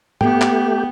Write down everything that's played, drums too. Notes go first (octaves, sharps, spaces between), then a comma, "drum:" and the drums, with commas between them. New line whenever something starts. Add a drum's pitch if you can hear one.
A3 B3 G4 G5, drum: tom G#2
drum: clap